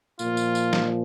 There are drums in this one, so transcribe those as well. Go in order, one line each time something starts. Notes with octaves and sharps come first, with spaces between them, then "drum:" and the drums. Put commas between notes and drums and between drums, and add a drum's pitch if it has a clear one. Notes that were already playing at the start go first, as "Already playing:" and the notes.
A#2 F3 F4, drum: tambourine
drum: tambourine
drum: tambourine
drum: snare